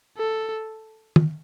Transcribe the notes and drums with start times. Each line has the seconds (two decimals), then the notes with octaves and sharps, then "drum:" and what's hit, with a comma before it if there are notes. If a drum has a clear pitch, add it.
0.18 A4
1.16 drum: tom